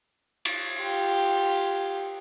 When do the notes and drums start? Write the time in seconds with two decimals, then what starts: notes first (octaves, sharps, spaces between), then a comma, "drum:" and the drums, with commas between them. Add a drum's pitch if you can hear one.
0.45 drum: cymbal
0.78 F4 G4